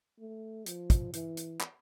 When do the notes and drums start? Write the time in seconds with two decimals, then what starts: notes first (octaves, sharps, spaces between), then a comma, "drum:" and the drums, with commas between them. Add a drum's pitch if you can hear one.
0.20 A3
0.66 F3, drum: hi-hat
0.90 drum: kick, hi-hat
1.13 E3, drum: hi-hat
1.37 drum: hi-hat
1.61 drum: clap